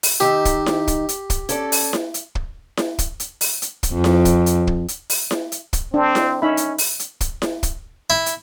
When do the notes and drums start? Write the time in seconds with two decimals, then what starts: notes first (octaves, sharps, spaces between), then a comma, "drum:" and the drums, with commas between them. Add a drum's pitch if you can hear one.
0.03 drum: open hi-hat
0.20 D#3 D#4 G4 E5
0.45 drum: kick, hi-hat
0.66 drum: snare E4
0.87 drum: kick, hi-hat
1.09 drum: hi-hat
1.30 drum: kick, hi-hat
1.49 C#4 A4 D5, drum: hi-hat
1.72 drum: open hi-hat
1.93 drum: snare E4
2.14 drum: hi-hat
2.35 drum: kick
2.77 drum: snare E4
2.99 drum: kick, hi-hat
3.20 drum: hi-hat
3.41 drum: open hi-hat
3.62 drum: hi-hat
3.83 drum: kick, hi-hat
3.93 F2
4.04 drum: snare E4
4.25 drum: kick, hi-hat
4.46 drum: hi-hat
4.67 drum: kick
4.88 drum: hi-hat
5.10 drum: open hi-hat
5.31 drum: snare E4
5.52 drum: hi-hat
5.73 drum: kick, hi-hat
5.94 C4 D4
6.15 drum: snare E4
6.42 C#4 D#4 E5 B5
6.57 drum: hi-hat
6.78 drum: open hi-hat
6.99 drum: hi-hat
7.21 drum: kick, hi-hat
7.42 drum: snare E4
7.63 drum: kick, hi-hat
8.10 E4
8.26 drum: hi-hat